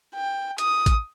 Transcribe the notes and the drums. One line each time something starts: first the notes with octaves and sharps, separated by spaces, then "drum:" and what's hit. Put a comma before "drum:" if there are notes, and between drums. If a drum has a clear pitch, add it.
G5
D#6, drum: hi-hat
drum: kick A1, hi-hat